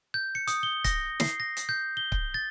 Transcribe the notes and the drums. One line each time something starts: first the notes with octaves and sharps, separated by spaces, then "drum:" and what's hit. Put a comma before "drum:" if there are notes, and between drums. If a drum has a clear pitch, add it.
G6
C#7
D#6, drum: hi-hat
G7
A#6, drum: kick C#1, hi-hat
C7, drum: snare
A#6
drum: hi-hat
G6
G7
drum: kick C#1
A6